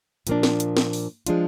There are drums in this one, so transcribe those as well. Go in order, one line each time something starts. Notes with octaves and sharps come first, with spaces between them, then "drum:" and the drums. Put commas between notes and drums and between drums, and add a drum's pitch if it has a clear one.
A#2 F3 A#3 D4, drum: hi-hat
drum: snare
drum: hi-hat
drum: snare
drum: open hi-hat
F3 G#3 D4 F4, drum: hi-hat